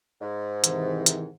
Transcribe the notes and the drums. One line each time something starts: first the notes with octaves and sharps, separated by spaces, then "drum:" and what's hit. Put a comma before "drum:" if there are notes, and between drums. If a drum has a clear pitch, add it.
G#2
C3 D#3 E3, drum: hi-hat
drum: hi-hat